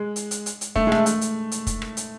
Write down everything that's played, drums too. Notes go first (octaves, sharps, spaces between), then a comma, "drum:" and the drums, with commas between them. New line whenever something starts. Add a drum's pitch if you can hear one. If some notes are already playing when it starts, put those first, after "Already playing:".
Already playing: G#3
drum: hi-hat
drum: hi-hat
drum: hi-hat
drum: hi-hat
A3, drum: kick
G#3
A3, drum: rim click
A3, drum: hi-hat
drum: hi-hat
drum: hi-hat
drum: kick, hi-hat
drum: rim click
drum: hi-hat